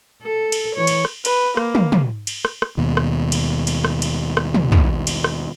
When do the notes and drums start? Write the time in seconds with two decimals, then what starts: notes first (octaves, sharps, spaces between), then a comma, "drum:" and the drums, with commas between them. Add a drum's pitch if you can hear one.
0.22 A4
0.52 drum: cymbal
0.76 E3 C#5
0.87 drum: cymbal
1.05 drum: rim click
1.25 B4, drum: cymbal
1.57 A#3, drum: rim click
1.75 drum: tom
1.92 drum: tom
2.27 drum: cymbal
2.45 drum: rim click
2.62 drum: rim click
2.78 D#2 B2
2.97 drum: rim click
3.32 drum: cymbal
3.67 drum: cymbal
3.84 drum: rim click
4.02 drum: cymbal
4.37 drum: rim click
4.54 drum: tom
4.72 drum: tom
5.07 drum: cymbal
5.24 drum: rim click